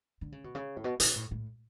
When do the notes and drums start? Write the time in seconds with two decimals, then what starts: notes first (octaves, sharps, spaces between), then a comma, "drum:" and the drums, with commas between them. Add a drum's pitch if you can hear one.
0.21 D3
0.32 C#3
0.44 B2
0.55 C#3
0.76 A2
0.84 B2
1.00 B2, drum: hi-hat
1.15 A2
1.31 A2